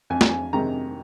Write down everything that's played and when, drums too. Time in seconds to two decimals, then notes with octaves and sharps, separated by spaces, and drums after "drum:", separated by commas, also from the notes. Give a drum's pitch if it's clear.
0.10 F2 G#5
0.21 A#5, drum: snare
0.29 G#5
0.53 C3 D#3 G#3 A#5